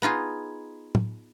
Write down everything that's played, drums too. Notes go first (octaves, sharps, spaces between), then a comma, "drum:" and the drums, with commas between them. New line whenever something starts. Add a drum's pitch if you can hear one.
B3 D#4 F4 G#4
drum: tom